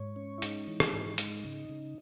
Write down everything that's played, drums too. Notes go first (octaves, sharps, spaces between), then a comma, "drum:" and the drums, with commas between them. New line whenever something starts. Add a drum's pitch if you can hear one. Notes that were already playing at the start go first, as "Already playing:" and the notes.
Already playing: G#2 C#5
C#4
E4
G#3 D#4, drum: hi-hat
E3
drum: rim click
G#2
G#3 D#4, drum: hi-hat
C#3
C#3